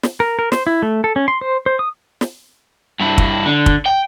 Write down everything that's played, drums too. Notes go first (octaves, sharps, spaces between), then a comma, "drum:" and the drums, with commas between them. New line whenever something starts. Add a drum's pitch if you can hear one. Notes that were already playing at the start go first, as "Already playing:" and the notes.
drum: snare
A#4
A#4
C5, drum: snare
E4
A3
A4
C#4
C6
C5
C5
D#6
drum: snare
G2 E4
drum: kick
D3
drum: kick
G5